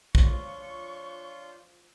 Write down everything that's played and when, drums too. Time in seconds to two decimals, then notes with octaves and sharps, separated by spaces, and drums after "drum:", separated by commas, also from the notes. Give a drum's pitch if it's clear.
0.15 F3 D4 F4 C#5 C#6 G6, drum: kick